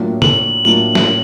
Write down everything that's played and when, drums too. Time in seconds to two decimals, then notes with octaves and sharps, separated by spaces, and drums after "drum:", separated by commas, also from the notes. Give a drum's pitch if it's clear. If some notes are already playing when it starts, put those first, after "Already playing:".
Already playing: A2 F#3 A#3 D4 F4
0.22 F#7, drum: tom
0.64 A2 F#3 A#3 D4 F4 F#7
0.95 drum: snare